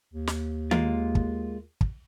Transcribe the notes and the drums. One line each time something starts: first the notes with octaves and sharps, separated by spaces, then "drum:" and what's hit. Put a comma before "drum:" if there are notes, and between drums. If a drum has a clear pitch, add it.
D#2
drum: snare
G#3 A#3 F4, drum: tom D#3
drum: kick
drum: kick